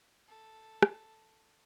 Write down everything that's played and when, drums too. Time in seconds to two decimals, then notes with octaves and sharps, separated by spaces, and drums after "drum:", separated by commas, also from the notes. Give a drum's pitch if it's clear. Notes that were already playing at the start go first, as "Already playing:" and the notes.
0.28 A4
0.82 drum: rim click